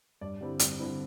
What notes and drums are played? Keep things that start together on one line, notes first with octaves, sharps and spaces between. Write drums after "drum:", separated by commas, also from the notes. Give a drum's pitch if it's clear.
G2 D5
D3 G3 C4 E4
G2, drum: hi-hat
D3 G3 C4 E4